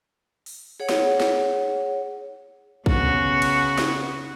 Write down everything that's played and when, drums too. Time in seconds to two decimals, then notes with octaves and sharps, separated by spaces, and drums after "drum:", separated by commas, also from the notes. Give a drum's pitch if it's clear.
0.46 drum: open hi-hat
0.80 G#4 C#5 F#5
0.89 drum: snare
1.20 drum: snare
2.86 C#3 B3 F#4, drum: kick
3.42 drum: cymbal
3.78 drum: snare